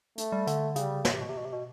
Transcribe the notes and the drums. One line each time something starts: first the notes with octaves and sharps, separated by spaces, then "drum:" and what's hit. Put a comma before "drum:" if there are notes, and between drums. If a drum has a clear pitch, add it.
A3, drum: hi-hat
G3
D3, drum: hi-hat
C#3 G3, drum: hi-hat
B2, drum: snare
C3
B2
C3
B2
C3
B2